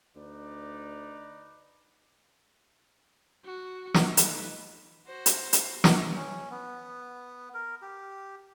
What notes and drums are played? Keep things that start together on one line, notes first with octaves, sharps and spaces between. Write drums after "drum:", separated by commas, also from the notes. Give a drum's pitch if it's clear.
D2 D#4 B4 D5
F#4
drum: snare
A3 D#4 B4, drum: hi-hat
F#4 C5
drum: hi-hat
drum: hi-hat
drum: snare
C#4
B3
A#4
G4